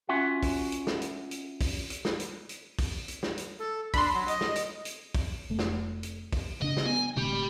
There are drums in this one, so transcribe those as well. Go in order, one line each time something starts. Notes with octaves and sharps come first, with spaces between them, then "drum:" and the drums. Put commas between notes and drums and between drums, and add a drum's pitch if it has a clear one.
C#4 F4 F#4 E5 F#5
drum: kick, open hi-hat
drum: hi-hat
drum: snare
drum: hi-hat
drum: hi-hat
drum: kick, open hi-hat
drum: hi-hat
drum: snare
drum: hi-hat
drum: hi-hat
drum: kick, open hi-hat
drum: hi-hat
drum: snare
drum: hi-hat
A4
D4 B5 C6, drum: kick, open hi-hat
F#3
D#5, drum: hi-hat
drum: snare
drum: hi-hat
drum: hi-hat
drum: kick, open hi-hat
F1 A3
drum: snare
drum: hi-hat
drum: kick, open hi-hat
C#3 D4 D#5
drum: snare
B3 G#5
D1 D2 C3 G4 B5